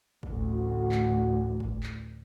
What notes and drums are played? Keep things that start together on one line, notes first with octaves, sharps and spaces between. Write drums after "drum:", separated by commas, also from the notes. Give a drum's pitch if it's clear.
A1 D2, drum: kick
F#4
drum: clap
drum: kick
drum: clap